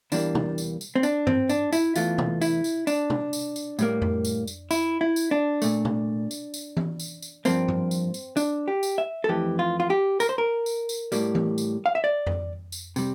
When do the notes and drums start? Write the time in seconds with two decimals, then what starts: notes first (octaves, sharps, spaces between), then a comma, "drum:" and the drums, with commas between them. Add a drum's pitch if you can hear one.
0.12 E2 E3 G3 A#3 D4, drum: tambourine
0.35 drum: tom
0.58 drum: tambourine
0.81 drum: tambourine
0.96 C4
1.03 D4, drum: tambourine
1.27 C4, drum: tom G2
1.49 D4, drum: tambourine
1.73 E4, drum: tambourine
1.96 E2 E3 A3 F4, drum: tambourine
2.18 drum: tom
2.42 E4, drum: tambourine
2.64 drum: tambourine
2.87 D4, drum: tambourine
3.10 drum: tom
3.33 drum: tambourine
3.56 drum: tambourine
3.79 A2 G3 A#3, drum: tambourine
4.02 drum: tom F2
4.25 drum: tambourine
4.47 drum: tambourine
4.71 E4, drum: tambourine
5.01 E4
5.16 drum: tambourine
5.31 D4
5.62 A#2 A3, drum: tambourine
5.85 drum: tom
6.31 drum: tambourine
6.54 drum: tambourine
6.77 drum: tom E3
7.00 drum: tambourine
7.22 drum: tambourine
7.45 G2 F3 A#3 C4, drum: tambourine
7.68 drum: tom G2
7.91 drum: tambourine
8.14 drum: tambourine
8.37 D4, drum: tambourine
8.68 G4
8.83 drum: tambourine
8.98 E5
9.24 A4
9.29 F2 E3 A3 G4
9.59 F4
9.80 F4
9.90 G4
10.20 A#4, drum: tambourine
10.29 C5
10.38 A#4
10.66 drum: tambourine
10.89 drum: tambourine
11.12 A2 G3 A#3, drum: tambourine
11.35 drum: tom E3
11.58 drum: tambourine
11.86 F5
11.95 E5
12.04 D5
12.27 drum: tom F2
12.72 drum: tambourine
12.96 C3 G3, drum: tambourine